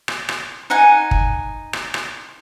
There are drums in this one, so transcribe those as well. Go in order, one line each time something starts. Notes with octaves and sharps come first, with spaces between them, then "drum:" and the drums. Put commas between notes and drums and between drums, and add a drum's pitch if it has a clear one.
drum: rim click
drum: rim click
D#4 F#5 G#5
drum: kick
drum: rim click
drum: rim click